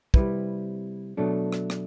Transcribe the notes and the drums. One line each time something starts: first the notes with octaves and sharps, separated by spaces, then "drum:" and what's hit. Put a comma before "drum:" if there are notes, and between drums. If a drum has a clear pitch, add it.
C3 G3 C4 E4 B4, drum: kick
B2 F#3 A3 D4 A4
drum: rim click
drum: rim click